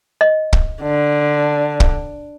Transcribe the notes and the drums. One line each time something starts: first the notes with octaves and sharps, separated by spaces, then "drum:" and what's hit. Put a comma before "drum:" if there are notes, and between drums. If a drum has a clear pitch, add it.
D#5
drum: kick
D3
drum: kick